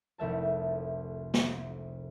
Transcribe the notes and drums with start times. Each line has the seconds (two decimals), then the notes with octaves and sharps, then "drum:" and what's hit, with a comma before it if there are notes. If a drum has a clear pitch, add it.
0.18 F1 C2 A3 E5 A5
1.34 drum: snare